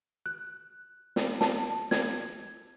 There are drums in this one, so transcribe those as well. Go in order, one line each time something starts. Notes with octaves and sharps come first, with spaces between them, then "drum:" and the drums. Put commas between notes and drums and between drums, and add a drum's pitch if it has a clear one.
F#6
drum: snare
A5, drum: snare
G#6, drum: snare